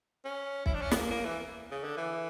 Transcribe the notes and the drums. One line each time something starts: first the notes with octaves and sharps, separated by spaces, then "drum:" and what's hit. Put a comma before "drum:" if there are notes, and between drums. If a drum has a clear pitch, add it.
C#4
E4, drum: kick
D4
C#4
B3, drum: snare
A#3
A#3
E3
C#3
D3
E3